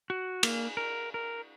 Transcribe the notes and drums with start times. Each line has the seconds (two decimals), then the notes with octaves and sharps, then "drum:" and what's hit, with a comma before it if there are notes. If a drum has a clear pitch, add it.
0.10 F#4
0.43 A#3, drum: cymbal
0.77 A#4
1.14 A#4